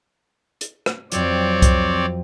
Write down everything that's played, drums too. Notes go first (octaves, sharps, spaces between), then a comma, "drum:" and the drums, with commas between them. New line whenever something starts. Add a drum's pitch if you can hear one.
drum: hi-hat
drum: rim click
F2 F#3 C4 C#5 D5, drum: hi-hat
drum: kick C2, hi-hat